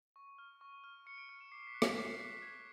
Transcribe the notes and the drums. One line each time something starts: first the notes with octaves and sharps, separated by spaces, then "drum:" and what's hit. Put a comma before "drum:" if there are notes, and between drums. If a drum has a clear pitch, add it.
C#6
F6
C#6
F6
C#6 C#7
D7
F6
E7
D6 C7
B6
F#6
B6, drum: rim click
D6 C7
F#6 B6
D6 G#6